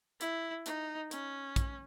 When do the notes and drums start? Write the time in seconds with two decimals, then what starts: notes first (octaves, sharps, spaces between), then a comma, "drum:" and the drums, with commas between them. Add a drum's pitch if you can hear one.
0.21 E4, drum: hi-hat
0.66 D#4, drum: hi-hat
1.11 C#4, drum: hi-hat
1.56 drum: kick, hi-hat